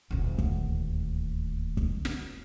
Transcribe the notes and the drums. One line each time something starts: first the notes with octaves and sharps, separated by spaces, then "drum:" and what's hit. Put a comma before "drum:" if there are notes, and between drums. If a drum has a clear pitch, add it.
D#1 D2
drum: kick
drum: kick
drum: snare